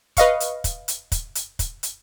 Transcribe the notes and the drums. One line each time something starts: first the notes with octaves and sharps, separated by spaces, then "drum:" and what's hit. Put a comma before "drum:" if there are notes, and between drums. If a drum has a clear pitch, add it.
B4 D#5 F5 C#6, drum: kick, hi-hat
drum: hi-hat
drum: kick, hi-hat
drum: hi-hat
drum: kick, hi-hat
drum: hi-hat
drum: kick, hi-hat
drum: hi-hat